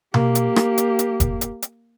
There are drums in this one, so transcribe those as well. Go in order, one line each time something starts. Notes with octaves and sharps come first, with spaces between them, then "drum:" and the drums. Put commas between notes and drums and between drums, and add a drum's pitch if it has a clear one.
A#3 G4, drum: tom B2
drum: hi-hat
drum: rim click
drum: hi-hat
drum: hi-hat
drum: kick F1, hi-hat
drum: hi-hat
drum: hi-hat